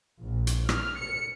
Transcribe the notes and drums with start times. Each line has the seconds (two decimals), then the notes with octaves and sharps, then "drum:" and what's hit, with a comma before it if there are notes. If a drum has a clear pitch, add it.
0.23 A#1
0.47 drum: hi-hat
0.69 F6, drum: rim click
0.99 C#7